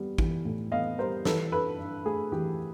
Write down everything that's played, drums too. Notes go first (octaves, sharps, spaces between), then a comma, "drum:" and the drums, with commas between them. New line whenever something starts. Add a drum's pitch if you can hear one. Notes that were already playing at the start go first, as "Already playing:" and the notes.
Already playing: G3 B3
E3, drum: kick
A2
B3 D#5 F5
G3 A#4 C5
E3 A4 B4, drum: snare
G2 A4 B4
G2
A3 G#4
E3 G4